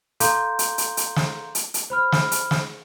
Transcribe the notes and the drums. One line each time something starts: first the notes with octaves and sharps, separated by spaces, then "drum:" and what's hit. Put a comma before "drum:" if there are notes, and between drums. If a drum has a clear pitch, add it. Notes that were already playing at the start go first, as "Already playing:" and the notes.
A4 F5 A#5 C6 D6 G6, drum: hi-hat
drum: hi-hat
drum: hi-hat
drum: hi-hat
drum: snare
drum: hi-hat
drum: hi-hat
C5 B5 F6
drum: snare
drum: hi-hat
drum: snare